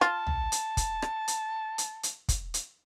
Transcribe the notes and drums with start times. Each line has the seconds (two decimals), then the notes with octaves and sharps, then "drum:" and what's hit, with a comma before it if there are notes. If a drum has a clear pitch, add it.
0.01 F4 A5, drum: rim click
0.27 drum: tom
0.52 drum: hi-hat
0.77 drum: kick, hi-hat
1.02 drum: rim click
1.28 drum: hi-hat
1.78 drum: hi-hat
2.03 drum: hi-hat
2.29 drum: kick, hi-hat
2.54 drum: hi-hat